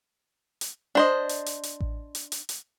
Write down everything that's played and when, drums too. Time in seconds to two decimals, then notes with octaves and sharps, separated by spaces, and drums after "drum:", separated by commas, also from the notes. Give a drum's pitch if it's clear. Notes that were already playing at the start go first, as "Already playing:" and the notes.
0.61 drum: hi-hat
0.95 D4 C5 D#5
1.29 drum: hi-hat
1.46 drum: hi-hat
1.63 drum: hi-hat
1.80 drum: kick A1
2.15 drum: hi-hat
2.32 drum: hi-hat
2.49 drum: hi-hat